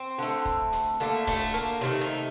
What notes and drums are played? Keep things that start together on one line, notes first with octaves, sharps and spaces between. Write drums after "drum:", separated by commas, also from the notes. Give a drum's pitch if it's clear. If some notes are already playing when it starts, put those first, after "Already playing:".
Already playing: C4
D3 A3
drum: kick
drum: hi-hat
D3 A3 A#3
A3, drum: kick, open hi-hat
A#3
C3 D#3 A3 C4, drum: hi-hat
D#4